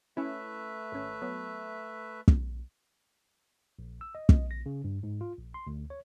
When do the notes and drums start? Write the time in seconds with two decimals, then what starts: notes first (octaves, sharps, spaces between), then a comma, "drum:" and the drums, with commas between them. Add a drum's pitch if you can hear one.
0.17 A3 C#4 E4 B4 E5
0.92 G#1 C#4
1.22 F#3 B3
2.28 drum: kick
3.79 A#1
4.01 E6
4.15 D#5
4.29 drum: kick
4.51 A#6
4.66 C#3
4.84 G2
5.03 G#2
5.21 F4
5.39 A#1
5.54 C6
5.67 D2
5.90 C#5